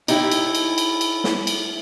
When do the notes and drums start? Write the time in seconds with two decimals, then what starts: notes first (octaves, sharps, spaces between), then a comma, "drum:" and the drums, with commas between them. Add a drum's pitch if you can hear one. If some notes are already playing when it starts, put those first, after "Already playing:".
0.08 D#4 E4 G4, drum: cymbal
0.31 drum: cymbal
0.55 drum: cymbal
0.78 drum: cymbal
1.01 drum: cymbal
1.24 drum: snare
1.47 drum: cymbal